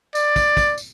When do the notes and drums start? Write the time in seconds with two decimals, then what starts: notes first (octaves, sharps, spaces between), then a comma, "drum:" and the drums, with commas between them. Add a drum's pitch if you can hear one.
0.15 D5, drum: tambourine
0.36 drum: kick, tambourine
0.57 drum: kick, tambourine
0.78 drum: tambourine